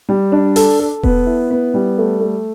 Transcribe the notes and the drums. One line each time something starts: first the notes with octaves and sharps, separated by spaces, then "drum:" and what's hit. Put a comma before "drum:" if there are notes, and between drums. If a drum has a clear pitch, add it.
G3
D4
A4, drum: open hi-hat
A4
B3, drum: kick E1
E4
B3
G3
A3
A3